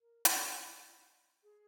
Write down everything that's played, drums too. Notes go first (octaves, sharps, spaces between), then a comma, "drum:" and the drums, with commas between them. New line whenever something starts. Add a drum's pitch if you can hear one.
A#4
A4, drum: hi-hat
G#4